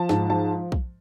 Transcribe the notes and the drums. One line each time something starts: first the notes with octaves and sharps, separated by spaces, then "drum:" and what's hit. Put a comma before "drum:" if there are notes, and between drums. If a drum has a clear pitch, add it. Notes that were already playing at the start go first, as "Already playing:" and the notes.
Already playing: F3 A5
G#2, drum: snare
F3 A5
drum: kick